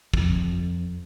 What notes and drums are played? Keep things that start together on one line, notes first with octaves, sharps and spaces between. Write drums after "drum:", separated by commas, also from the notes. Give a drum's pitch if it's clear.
F2, drum: kick